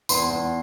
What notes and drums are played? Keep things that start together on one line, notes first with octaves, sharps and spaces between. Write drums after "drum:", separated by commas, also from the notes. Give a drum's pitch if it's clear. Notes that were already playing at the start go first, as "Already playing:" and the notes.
E2 C6, drum: tambourine
E2